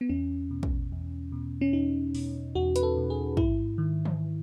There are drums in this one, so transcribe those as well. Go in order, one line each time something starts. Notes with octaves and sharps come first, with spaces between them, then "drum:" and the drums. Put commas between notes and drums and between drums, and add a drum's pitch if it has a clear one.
B3
E2 C#4
B2
drum: kick
E2
B2
C#4
E2 D#4
B2, drum: open hi-hat
E2 F#4
B4, drum: hi-hat
A4
B2
G#4
G#2 E4, drum: kick
D#3
drum: tom E3